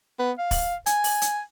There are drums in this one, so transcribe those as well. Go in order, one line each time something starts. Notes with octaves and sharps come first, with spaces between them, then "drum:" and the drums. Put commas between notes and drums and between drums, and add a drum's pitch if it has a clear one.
B3
F5
drum: kick, open hi-hat
G#5, drum: hi-hat
drum: open hi-hat
drum: hi-hat